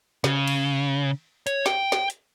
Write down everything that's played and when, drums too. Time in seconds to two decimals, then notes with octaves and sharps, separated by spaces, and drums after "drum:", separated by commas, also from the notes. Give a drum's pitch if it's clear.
0.24 C#3, drum: snare
0.47 drum: cymbal
1.47 C#5, drum: hi-hat
1.66 G5, drum: snare
1.92 drum: snare
2.10 drum: hi-hat